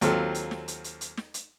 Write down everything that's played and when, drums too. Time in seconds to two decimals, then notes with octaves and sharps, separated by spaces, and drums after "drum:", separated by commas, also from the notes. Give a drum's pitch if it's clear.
0.01 D#2 F#3 C4 F4 A4, drum: hi-hat
0.35 drum: hi-hat
0.51 drum: snare
0.68 drum: hi-hat
0.84 drum: hi-hat
1.01 drum: hi-hat
1.17 drum: snare
1.34 drum: hi-hat